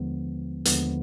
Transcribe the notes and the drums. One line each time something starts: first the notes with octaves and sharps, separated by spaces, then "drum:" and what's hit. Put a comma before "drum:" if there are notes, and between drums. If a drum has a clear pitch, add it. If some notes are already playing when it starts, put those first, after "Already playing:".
Already playing: D#2 D3 F3 G#3 B3
D#2 D3 F3 G#3 B3, drum: hi-hat